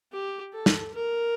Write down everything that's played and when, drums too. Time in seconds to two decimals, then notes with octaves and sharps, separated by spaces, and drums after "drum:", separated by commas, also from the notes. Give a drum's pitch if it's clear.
0.12 G4
0.53 A4
0.66 drum: snare
0.93 A#4